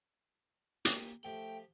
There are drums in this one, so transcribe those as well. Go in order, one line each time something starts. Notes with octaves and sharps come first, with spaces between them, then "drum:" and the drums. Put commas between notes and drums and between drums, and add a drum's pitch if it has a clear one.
A#3 G4, drum: hi-hat
F3 A3 G4 G5